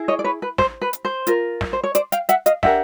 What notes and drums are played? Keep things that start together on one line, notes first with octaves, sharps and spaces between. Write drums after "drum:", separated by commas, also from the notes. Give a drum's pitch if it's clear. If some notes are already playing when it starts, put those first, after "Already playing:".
Already playing: E4 G#4
C#5 D#5
D5
B4 C#5
B4
C5, drum: snare
B4
drum: hi-hat
C5
F4 A#4, drum: hi-hat
drum: snare
C5
C#5
C5 D5, drum: hi-hat
F5 G5, drum: hi-hat
E5 F#5, drum: hi-hat
D#5 F5, drum: hi-hat
D4 G4 A#4 E5 F#5, drum: snare